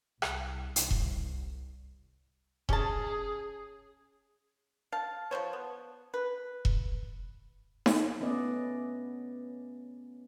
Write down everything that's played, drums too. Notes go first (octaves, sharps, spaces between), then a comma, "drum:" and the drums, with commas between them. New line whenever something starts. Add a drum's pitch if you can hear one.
C2, drum: rim click
C2, drum: hi-hat
drum: kick E1
C#4 G#4 A5, drum: kick E1
F5 A5
F3 B3 C5 C#5
B3
B4
drum: kick E1
drum: snare D#4
A3 B3 C#4 B4 D5 D#5